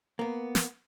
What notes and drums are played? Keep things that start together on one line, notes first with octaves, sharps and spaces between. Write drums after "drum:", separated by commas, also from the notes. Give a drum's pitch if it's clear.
A#3 B3
drum: snare